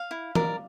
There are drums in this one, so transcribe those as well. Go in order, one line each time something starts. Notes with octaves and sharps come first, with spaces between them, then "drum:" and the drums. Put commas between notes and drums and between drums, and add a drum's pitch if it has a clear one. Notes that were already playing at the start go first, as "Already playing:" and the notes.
Already playing: F5
E4
A#4 D5, drum: tom